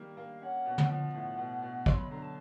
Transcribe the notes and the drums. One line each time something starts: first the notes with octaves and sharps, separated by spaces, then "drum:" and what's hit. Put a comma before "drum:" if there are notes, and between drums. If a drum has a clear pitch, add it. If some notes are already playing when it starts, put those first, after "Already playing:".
Already playing: D#3 G3 A#3
A#3 F5
C#4 F#5
B2
drum: tom
F3 F#5
A2
B2
B2
F#3 C6, drum: kick
B5
D3 A#5
A5